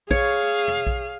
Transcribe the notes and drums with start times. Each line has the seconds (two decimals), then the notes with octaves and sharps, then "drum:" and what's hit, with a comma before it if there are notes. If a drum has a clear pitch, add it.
0.11 G#4 C#5 F5, drum: kick A#1
0.68 drum: tom
0.87 drum: kick A#1